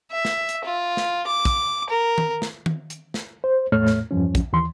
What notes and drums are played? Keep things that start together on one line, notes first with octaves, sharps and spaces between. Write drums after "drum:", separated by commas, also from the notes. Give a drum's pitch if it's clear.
E5
drum: snare
drum: hi-hat
F4
drum: snare
D6
drum: kick, hi-hat
A#4
drum: tom D#3
drum: snare
drum: tom D#3
drum: hi-hat
drum: snare
C5
E2 A2 A3 C#5 F6
drum: snare
E2 G2 F3 C#4
drum: kick, hi-hat
D#2 E3 C6